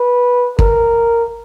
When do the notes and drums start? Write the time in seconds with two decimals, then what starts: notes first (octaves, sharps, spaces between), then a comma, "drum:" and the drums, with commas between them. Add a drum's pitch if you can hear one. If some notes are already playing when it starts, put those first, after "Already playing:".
Already playing: B4
0.59 A#4, drum: kick